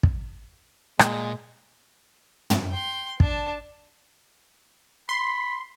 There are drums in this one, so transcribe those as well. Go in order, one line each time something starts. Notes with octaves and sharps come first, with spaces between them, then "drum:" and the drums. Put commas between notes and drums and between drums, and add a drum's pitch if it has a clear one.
drum: kick
A#2 G#3, drum: rim click
drum: tom
G5 C6
D4 A5, drum: kick
B5 C6